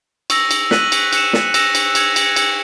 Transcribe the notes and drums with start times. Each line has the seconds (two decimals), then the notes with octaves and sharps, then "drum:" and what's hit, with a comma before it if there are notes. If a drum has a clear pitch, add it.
0.30 C#6 E6 A#6, drum: cymbal
0.51 drum: cymbal
0.71 F#6 B6 D#7 F#7, drum: snare
0.92 drum: cymbal
1.13 F#6 C#7 E7, drum: cymbal
1.33 drum: snare
1.54 E6 A#6 E7, drum: cymbal
1.75 drum: cymbal
1.95 G#6 C#7 E7, drum: cymbal
2.16 drum: cymbal
2.36 E6 A#6 C#7, drum: cymbal